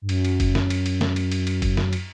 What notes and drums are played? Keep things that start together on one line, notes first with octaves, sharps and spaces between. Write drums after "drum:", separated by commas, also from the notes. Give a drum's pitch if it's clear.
G2
F#2, drum: cymbal
drum: cymbal
drum: kick F#1, cymbal
drum: snare
drum: cymbal
drum: cymbal
drum: snare
drum: cymbal
drum: cymbal
drum: cymbal
drum: kick F#1, cymbal
drum: snare
drum: cymbal